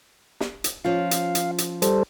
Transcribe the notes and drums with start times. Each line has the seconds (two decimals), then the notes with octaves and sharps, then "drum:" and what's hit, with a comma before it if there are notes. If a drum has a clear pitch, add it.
0.40 drum: snare
0.64 drum: hi-hat
0.84 F3 C#4 F4 F5
1.11 drum: hi-hat
1.35 drum: hi-hat
1.58 drum: hi-hat
1.82 G3 A4 C5, drum: hi-hat